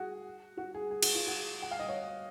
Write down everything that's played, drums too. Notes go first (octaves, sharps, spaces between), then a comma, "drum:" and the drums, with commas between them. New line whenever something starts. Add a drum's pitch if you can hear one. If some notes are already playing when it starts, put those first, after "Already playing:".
Already playing: F#4 G#4
F#4
G#4
G#4
F#4, drum: cymbal
F4
F#4
F#5
F5
D#5
C#5